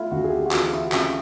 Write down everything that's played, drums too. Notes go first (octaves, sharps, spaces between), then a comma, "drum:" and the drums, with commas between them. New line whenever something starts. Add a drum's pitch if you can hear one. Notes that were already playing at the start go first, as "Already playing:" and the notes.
Already playing: A3 E4 F4
D2 F#4
G#4
G4
F#4
E3 F4, drum: clap
E4, drum: hi-hat
F#4
C#3 F4, drum: clap